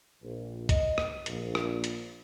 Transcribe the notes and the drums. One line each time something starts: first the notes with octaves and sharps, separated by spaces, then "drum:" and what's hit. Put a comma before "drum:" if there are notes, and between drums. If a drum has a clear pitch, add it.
A#1
D#5, drum: kick B1, hi-hat
drum: rim click
A#1, drum: hi-hat
drum: rim click
drum: hi-hat